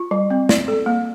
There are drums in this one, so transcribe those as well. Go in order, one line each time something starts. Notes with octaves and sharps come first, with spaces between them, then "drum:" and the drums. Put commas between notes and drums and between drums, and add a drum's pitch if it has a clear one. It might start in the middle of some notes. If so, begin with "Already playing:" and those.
Already playing: F4
G3
C4
D5, drum: snare
A4
A#3